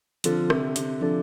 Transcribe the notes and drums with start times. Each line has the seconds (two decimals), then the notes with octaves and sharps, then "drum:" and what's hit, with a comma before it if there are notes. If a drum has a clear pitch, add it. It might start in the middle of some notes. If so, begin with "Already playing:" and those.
0.24 D3 F3 C4 F4 A4, drum: hi-hat
0.50 C3, drum: rim click
0.76 C3, drum: hi-hat
1.01 F3 D4 A4